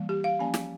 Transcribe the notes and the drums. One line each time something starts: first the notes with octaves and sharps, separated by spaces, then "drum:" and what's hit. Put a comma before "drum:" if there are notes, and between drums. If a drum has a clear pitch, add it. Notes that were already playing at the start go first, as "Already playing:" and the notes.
Already playing: E3 G3 A#3
G4
F5
F3 A#3 C#4 G#5
drum: snare